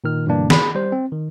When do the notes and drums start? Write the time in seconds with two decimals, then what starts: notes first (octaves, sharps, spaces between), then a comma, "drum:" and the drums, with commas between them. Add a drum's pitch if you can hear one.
0.04 A#2 D#3 F6
0.26 G2 B2 D3 E3 A#3 D4
0.50 G#4 B5, drum: snare
0.75 G3 C5
0.92 C4
1.12 D#3